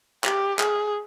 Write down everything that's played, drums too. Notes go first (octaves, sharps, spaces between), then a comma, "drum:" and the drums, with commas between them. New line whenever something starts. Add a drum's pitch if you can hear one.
G4, drum: clap
G#4, drum: clap